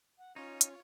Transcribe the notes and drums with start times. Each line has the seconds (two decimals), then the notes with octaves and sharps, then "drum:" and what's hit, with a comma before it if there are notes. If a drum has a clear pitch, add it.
0.18 F#5
0.36 C#4 D#4 F4 C#5
0.61 drum: hi-hat